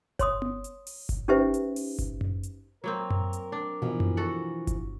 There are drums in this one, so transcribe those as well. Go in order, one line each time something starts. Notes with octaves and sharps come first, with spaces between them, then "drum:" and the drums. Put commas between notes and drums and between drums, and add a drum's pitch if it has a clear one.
C#5 C6 D#6, drum: kick G1, hi-hat
drum: tom B3
drum: hi-hat
drum: open hi-hat
drum: kick G1, hi-hat
C#4 D#4 G4 B4 C5 E5
drum: hi-hat
drum: open hi-hat
drum: kick G1, hi-hat
drum: tom F#2
drum: hi-hat
F#3 A#3 C4 A#4
drum: tom F#2
drum: hi-hat
D4
B2 E3 F3
drum: tom F#2
F#4 A4 F#5
drum: kick G1, hi-hat